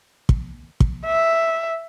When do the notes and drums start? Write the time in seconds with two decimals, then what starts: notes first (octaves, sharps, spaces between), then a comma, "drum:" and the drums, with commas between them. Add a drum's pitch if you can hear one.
0.29 drum: kick
0.80 drum: kick
1.06 E5